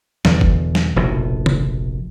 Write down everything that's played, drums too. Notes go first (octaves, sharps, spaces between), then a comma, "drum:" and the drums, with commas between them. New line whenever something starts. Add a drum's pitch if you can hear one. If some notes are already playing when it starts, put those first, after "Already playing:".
E2 B2 D3, drum: snare
drum: kick G1
drum: snare
F1 A#1 B2
drum: tom C#3